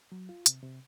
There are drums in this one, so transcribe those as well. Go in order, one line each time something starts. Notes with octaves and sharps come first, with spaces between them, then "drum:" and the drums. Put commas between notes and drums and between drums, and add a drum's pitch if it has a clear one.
F#3
F4
C3, drum: hi-hat
C3